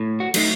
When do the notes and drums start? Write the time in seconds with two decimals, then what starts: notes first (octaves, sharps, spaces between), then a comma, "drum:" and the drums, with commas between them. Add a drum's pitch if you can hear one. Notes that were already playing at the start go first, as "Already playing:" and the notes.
Already playing: A2
0.20 F#4
0.34 F#3 A3 D#4, drum: cymbal